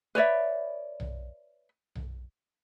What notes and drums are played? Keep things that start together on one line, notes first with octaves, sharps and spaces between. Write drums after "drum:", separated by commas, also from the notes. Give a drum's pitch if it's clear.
B4 C#5 D5 E5
drum: tom B1
drum: tom B1